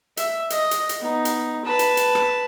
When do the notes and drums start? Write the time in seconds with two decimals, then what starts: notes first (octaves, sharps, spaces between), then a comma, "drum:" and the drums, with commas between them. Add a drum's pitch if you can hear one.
0.17 E5, drum: hi-hat
0.50 D#5, drum: hi-hat
0.71 drum: hi-hat
0.89 drum: hi-hat
1.00 B3 D#4
1.25 drum: hi-hat
1.65 B4 A5
1.79 drum: hi-hat
1.97 drum: hi-hat
2.15 drum: rim click